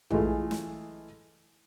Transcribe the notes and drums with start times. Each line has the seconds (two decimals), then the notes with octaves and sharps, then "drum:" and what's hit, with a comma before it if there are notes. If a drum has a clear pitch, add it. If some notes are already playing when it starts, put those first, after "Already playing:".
0.10 E3 G#3 A3 F4 G#4, drum: tom A#1
0.51 drum: snare